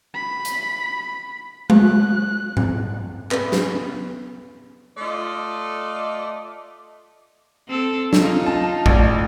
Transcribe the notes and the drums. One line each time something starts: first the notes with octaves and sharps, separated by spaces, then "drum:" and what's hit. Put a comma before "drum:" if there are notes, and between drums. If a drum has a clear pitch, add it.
B5
drum: hi-hat
F#6, drum: tom G#3
drum: tom G#2
B3, drum: clap
drum: snare
A3 F4 D5 D#5
C4 A4
D#4 F4, drum: snare
A5
A1 D5, drum: kick